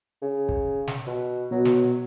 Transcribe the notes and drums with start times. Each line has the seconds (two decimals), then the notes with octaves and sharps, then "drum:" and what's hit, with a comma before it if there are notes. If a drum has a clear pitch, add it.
0.22 C#3
0.49 drum: kick
0.87 drum: snare
1.07 B2
1.51 B2 F#3
1.65 drum: snare